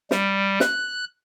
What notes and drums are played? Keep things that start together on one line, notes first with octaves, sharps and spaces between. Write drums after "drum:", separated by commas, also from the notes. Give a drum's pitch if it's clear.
G3, drum: snare
F#6, drum: snare